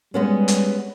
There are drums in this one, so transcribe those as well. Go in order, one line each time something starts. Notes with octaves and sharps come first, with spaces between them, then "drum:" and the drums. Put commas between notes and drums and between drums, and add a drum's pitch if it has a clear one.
G3 G#3 B3 C#4
drum: hi-hat